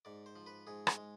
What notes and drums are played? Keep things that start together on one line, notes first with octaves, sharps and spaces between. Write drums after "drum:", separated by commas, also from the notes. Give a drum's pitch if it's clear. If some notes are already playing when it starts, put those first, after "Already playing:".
G#2 D5
C5
F3
B4
G#2 G#4
drum: rim click
G#3